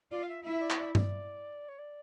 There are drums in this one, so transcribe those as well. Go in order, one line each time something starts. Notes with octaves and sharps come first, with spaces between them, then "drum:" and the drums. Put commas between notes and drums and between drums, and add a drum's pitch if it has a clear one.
F4 D5
F5
E5
E4 E5
D5
E5, drum: clap
D5
D5, drum: tom G2
C#5
D5